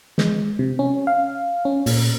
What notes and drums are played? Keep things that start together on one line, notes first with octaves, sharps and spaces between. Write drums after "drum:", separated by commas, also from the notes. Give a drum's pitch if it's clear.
G#3, drum: snare
C3
C#4
F5
C#4
A#2, drum: open hi-hat